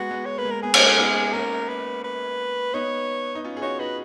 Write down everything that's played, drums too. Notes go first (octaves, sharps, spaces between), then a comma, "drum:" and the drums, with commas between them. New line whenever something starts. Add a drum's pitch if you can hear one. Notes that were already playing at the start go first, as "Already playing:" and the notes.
Already playing: G#3 B3 F#4
G#3 B3
C#5
A#3 B4
G#3
A#4
B3 G#4
C#4, drum: cymbal
G#3 B3
B3 D#4
A#3 C#4 A#4
B4
B4
B3 D#4 C#5
D#4
C#4 F4
G#4
D#4 F#4 C#5
D#4 F#4 B4